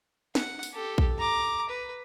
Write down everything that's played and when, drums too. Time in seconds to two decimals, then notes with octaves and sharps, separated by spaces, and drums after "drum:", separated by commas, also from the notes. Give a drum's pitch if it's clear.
0.35 F#5, drum: snare
0.63 drum: open hi-hat
0.73 G4 A4
0.98 drum: kick A#1
1.19 A#5 D6
1.69 B4